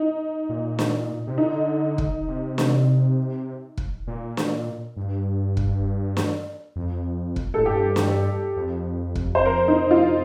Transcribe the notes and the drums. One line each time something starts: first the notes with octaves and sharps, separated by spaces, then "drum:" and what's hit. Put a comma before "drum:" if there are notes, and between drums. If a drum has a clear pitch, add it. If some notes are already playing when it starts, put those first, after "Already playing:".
Already playing: D#4
A#2
drum: snare
C3
D3 D#4
drum: kick
C3
drum: snare
drum: kick
A#2
drum: snare
G2
drum: kick
drum: snare
F2
drum: kick
A2 A4
G2 G4
drum: snare
F2
drum: kick
C5
A#4
D#4
F4